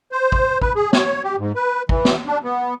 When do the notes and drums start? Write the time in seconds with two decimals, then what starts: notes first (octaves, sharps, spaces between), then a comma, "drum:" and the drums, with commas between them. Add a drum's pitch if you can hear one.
0.12 C5
0.32 drum: kick
0.62 B4, drum: kick
0.75 G#4
0.93 C#5, drum: snare
1.24 G4
1.39 G#2
1.55 B4
1.89 E3, drum: kick
2.05 drum: snare
2.27 D4
2.44 B3